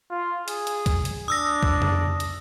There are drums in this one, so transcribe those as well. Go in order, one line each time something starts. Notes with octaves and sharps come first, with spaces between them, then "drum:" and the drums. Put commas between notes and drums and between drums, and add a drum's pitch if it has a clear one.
F4
G#4, drum: hi-hat
drum: hi-hat
drum: kick C2, hi-hat
drum: hi-hat
D4 D#6 E6 A#6
drum: kick C2
drum: tom F2
drum: hi-hat